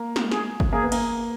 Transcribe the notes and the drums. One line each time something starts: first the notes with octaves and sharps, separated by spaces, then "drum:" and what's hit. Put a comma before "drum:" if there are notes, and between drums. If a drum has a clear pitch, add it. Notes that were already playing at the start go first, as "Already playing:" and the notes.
Already playing: A#3
drum: snare
G#4, drum: snare
drum: kick G1
A#3 G#4
B3
A#3, drum: cymbal